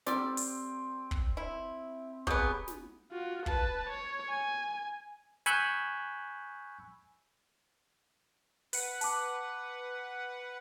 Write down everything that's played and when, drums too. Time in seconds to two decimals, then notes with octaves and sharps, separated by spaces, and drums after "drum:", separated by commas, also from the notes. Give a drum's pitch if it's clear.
0.06 G3 C4 D5, drum: snare
0.37 drum: open hi-hat
1.11 drum: kick
1.37 E4
2.27 F#3 B3 G4 G#4, drum: kick
2.68 drum: snare
3.11 F4 F#4
3.46 B4 A5, drum: kick
3.89 C#5
4.30 G#5
5.46 G#5 B5 C#6 E6 F#6 G6, drum: hi-hat
8.73 B4 F#5, drum: open hi-hat
9.01 A5 D6, drum: open hi-hat